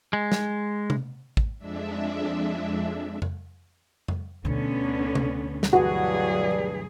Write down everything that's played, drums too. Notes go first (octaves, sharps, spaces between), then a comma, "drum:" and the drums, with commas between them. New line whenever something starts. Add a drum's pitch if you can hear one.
G#3
drum: snare
drum: tom C3
drum: kick
F2 G#3 D4 E5
drum: tom F2
drum: tom F2
D2 B2 D3 B3 C#4
drum: tom C3
drum: snare
G2 E3 F#3 F#4 G#4